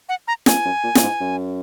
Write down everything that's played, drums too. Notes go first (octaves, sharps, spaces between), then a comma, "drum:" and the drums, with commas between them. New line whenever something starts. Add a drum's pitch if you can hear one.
F#5
A#5
F2 G#5, drum: snare
F#2
A#2
F#2, drum: snare
G#2
F#2